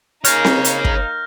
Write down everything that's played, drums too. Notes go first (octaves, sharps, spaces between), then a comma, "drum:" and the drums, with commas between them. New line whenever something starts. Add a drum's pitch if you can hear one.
A#3 D#4 G#4 C#5 F6 G6 A#6, drum: hi-hat
drum: snare C4
drum: hi-hat
drum: kick